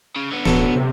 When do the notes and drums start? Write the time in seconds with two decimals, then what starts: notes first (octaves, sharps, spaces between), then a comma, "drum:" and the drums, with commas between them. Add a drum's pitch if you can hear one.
0.16 C#3
0.32 D3 B3
0.45 D1 B1 A4, drum: snare E3
0.75 C3